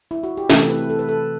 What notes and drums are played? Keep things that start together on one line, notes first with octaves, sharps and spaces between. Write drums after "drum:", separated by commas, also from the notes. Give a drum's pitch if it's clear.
E4
F#4
G4
C3 E3 A3 A4, drum: snare
B4
A4
B4
A4